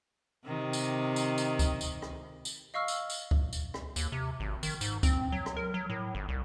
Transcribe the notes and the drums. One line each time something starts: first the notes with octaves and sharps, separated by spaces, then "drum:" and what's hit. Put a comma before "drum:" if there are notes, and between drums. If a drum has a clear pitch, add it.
C3 D#3
drum: tambourine
drum: tambourine
drum: tambourine
drum: kick C#2, tambourine
drum: tambourine
drum: rim click
drum: tambourine
D#5 F5 C#6 E6 F6
drum: tambourine
drum: tambourine
drum: kick C#2
drum: tambourine
drum: rim click
D#2, drum: tambourine
C3
G#1
D#3, drum: tambourine
G#2, drum: tambourine
C4, drum: kick C#2, tambourine
F#3
drum: rim click
A#4
F#3
A2
G1
C2